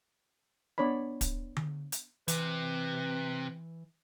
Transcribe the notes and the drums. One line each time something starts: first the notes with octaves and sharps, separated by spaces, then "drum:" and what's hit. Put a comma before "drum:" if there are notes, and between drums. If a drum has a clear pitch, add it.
B3 D4 C#5 D5 B5
drum: kick, hi-hat
drum: tom D3
drum: hi-hat
C3 E3 B4, drum: hi-hat